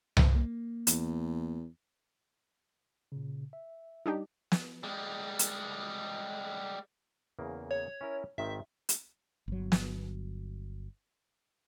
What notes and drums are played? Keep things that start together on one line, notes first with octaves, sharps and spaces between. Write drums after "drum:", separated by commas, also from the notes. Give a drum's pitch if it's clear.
D2, drum: tom C2
A#3
E2, drum: hi-hat
A#2 C#3
E5
G3 D4 D#4 G4
drum: snare
G3 G#3
drum: hi-hat
E2 C#3 A#3
C#5
C#4 E4 A#4
G#1 D#3 C4 E5
drum: hi-hat
G1 F#3
drum: snare